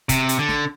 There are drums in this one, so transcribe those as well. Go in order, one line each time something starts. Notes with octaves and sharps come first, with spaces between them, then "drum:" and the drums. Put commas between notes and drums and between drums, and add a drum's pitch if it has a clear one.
C3, drum: kick, hi-hat
drum: hi-hat
D3
drum: snare